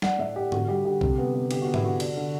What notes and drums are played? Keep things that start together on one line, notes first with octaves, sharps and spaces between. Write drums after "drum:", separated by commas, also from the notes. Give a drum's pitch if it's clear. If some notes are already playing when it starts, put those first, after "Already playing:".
D4 F#5, drum: snare
A2 E5
D4 G4
D3 F#4, drum: tom G#2
G3 G4
D3 G4
C3, drum: kick A#1
B3
B3
D3 G4, drum: cymbal
F#4
B3
E4, drum: tom G#2
D3 F#4
D4, drum: cymbal
D3